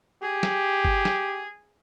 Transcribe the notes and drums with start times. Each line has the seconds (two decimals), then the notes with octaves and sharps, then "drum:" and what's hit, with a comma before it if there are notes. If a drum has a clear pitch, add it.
0.22 G4 G#4
0.43 drum: snare
0.85 drum: kick G1
1.05 drum: snare